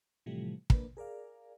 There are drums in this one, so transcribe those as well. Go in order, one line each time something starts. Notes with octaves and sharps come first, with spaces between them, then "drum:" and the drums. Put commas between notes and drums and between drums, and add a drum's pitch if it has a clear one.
A2 C3 E3 F3 G3 A3
A#3 D4 B4, drum: kick
G#4 A#4 D5 F5